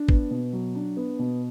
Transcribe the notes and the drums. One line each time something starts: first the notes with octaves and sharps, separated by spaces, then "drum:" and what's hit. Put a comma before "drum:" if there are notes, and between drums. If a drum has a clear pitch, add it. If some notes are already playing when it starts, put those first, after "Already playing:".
Already playing: D4
B3, drum: kick
B2
F#3
D4
B3
B2